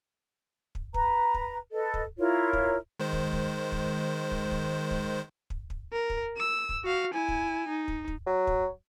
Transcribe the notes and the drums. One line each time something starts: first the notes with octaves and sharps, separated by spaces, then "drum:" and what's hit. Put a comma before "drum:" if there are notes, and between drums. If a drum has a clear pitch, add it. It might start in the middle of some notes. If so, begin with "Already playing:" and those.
drum: kick
B4 A#5, drum: kick
drum: kick
A4 B4 D#5
drum: kick
E4 F4 A#4 C#5
drum: kick
D#3 G#3 C5
drum: kick
drum: kick
drum: kick
drum: kick
drum: kick
drum: kick
drum: kick
drum: kick
A#4
drum: kick
E6
drum: kick
F#4 F5
E4 G#5
drum: kick
D#4
drum: kick
drum: kick
F#3
drum: kick